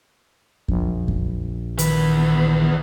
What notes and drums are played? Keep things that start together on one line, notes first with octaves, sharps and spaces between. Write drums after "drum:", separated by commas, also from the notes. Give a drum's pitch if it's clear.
A#1, drum: kick F2
drum: kick F2
E2 D#3 B4, drum: hi-hat